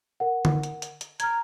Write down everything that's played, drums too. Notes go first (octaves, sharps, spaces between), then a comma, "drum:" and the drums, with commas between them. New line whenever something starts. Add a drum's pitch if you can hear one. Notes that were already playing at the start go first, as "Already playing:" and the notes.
A#4 F#5
drum: tom D3
drum: hi-hat
drum: hi-hat
drum: hi-hat
A#5 F6 G#6, drum: hi-hat